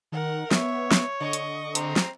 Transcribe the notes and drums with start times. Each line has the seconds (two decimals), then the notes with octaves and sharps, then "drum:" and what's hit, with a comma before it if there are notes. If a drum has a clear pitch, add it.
0.12 D#3 A#4 F#5
0.51 B3 C#5 E5, drum: snare
0.91 drum: snare
1.21 D3 D#5 C#6
1.33 drum: hi-hat
1.75 C4 A#5, drum: hi-hat
1.96 drum: snare